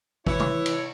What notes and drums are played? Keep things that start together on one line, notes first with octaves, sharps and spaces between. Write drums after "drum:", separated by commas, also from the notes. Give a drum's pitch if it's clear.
E3 E4 C#5, drum: kick G#1
drum: tom
drum: cymbal